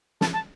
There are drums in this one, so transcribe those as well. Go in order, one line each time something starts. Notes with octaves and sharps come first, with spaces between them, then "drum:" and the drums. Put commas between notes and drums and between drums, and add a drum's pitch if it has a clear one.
A5, drum: snare
A5